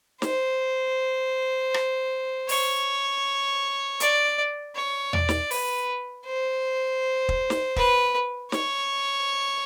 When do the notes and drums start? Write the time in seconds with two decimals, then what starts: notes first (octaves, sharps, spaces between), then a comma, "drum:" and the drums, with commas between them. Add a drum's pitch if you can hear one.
0.22 C5, drum: snare
1.74 drum: rim click
2.49 C#5, drum: open hi-hat
4.00 D5, drum: hi-hat
4.75 C#5
5.13 D5, drum: tom E2
5.29 drum: snare
5.51 B4, drum: open hi-hat
6.26 C5
7.29 drum: kick
7.50 drum: snare
7.76 B4, drum: kick
8.52 C#5, drum: snare